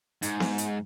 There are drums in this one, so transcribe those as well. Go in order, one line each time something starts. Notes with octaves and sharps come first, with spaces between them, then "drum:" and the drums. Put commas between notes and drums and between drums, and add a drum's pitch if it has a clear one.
G#2, drum: hi-hat
drum: snare B3
drum: hi-hat